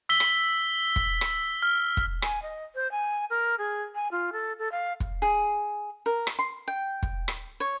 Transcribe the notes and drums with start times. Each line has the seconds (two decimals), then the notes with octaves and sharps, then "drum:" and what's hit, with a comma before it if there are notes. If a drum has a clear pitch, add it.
0.09 E6 B6 G7
0.20 drum: rim click
0.96 drum: kick
1.21 drum: rim click
1.62 F6
1.97 drum: kick
2.22 G#5, drum: rim click
2.42 D#5
2.75 C5
2.91 G#5
3.30 A#4
3.58 G#4
3.95 G#5
4.12 F4
4.32 A4
4.59 A4
4.72 F5
5.00 drum: kick
5.22 G#4
6.06 A#4
6.27 drum: rim click
6.39 C6
6.68 G5
7.03 drum: kick
7.28 drum: rim click
7.60 C#5